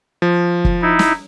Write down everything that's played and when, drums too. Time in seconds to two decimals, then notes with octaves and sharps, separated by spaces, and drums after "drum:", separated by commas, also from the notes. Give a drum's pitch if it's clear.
0.22 F3
0.65 drum: kick
0.82 D#4 E4
0.99 drum: snare